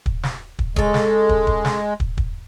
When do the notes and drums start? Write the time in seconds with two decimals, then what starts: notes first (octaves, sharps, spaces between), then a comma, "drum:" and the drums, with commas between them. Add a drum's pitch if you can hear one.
0.06 drum: kick
0.23 drum: snare
0.59 drum: kick
0.76 C#3 G#3 A4, drum: kick
0.94 drum: snare
1.29 drum: kick
1.47 drum: kick
1.65 drum: snare
2.00 drum: kick
2.18 drum: kick